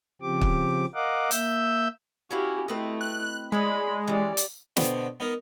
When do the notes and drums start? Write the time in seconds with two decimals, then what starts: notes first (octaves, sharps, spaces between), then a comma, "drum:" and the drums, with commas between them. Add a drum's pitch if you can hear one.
0.22 C#3 F3 C4 G4 D6
0.41 drum: kick
0.95 A#4 D#5 F5 F#5 D6
1.31 A#3 E5 E6 G6, drum: hi-hat
2.31 C#4 E4 F#4 G4 F5
2.68 A3 C4 E4 B4 D#5
3.01 F#6
3.52 G#3 E4 C#5 D5 B5
4.08 E3 C#4 G4 D5
4.37 drum: hi-hat
4.77 B2 D3 B3 C4, drum: snare
5.20 B3 D#4 A#4